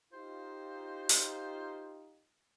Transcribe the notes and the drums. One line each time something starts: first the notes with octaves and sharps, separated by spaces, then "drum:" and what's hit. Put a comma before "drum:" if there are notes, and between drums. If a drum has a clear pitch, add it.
D#4 F4 G4 C5
drum: open hi-hat